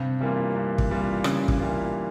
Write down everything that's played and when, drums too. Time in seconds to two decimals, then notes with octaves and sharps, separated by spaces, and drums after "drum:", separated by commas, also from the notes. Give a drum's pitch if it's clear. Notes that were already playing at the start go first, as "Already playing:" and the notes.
Already playing: G2 C3 C4
0.21 E3 G3 A#3 F4
0.55 G2
0.78 drum: kick
0.91 E3 G3 A#3 F4
1.24 G2 C#3 C#4, drum: rim click
1.48 drum: kick
1.59 E3 G3 A#3 F4